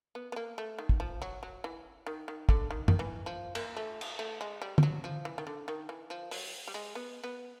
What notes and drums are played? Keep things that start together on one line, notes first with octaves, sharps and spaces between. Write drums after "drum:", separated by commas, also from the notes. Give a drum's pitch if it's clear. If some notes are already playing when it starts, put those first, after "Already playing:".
B3
B3
A#3
A3
D#3
drum: kick
F3
F#3
F#3
E3
D#3
D#3
D3, drum: kick
D#3
D#3, drum: tom F#2
E3
F3
A#3, drum: cymbal
A3
drum: cymbal
A3
G#3
G3
G3, drum: tom
F#3
F3
E3
D#3
D3
D#3
E3
F3
F#3, drum: open hi-hat
G3
G#3
B3
B3